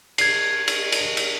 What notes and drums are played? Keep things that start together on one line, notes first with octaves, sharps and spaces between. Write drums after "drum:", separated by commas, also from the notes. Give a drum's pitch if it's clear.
G#6 C7, drum: cymbal
drum: cymbal
drum: cymbal
drum: cymbal